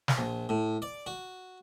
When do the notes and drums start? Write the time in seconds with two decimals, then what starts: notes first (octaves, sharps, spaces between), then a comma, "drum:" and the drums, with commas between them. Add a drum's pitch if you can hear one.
0.08 drum: snare
0.18 A#1
0.49 A2
0.82 D5
1.06 F#4